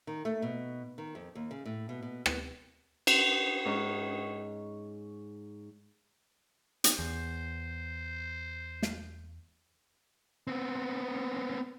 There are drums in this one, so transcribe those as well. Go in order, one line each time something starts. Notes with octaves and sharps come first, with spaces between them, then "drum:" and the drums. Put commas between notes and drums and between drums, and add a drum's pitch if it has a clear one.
D#3
A3
B2
D#3
F2
D#2
C#3
A2
B2
B2
B3, drum: rim click
drum: cymbal
G#2 C#4 C#6
drum: hi-hat
E2 C5
drum: snare
B3 C4